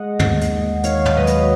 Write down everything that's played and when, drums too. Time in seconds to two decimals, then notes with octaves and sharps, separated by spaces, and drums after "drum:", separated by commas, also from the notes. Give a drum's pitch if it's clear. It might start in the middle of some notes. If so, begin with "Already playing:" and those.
Already playing: G#3 D#5 F#5
0.19 D#2, drum: tom
0.41 drum: hi-hat
0.51 D#2
0.83 D#3 C#5 F5, drum: hi-hat
1.05 drum: tom
1.17 F#3 B4 D#5
1.27 drum: hi-hat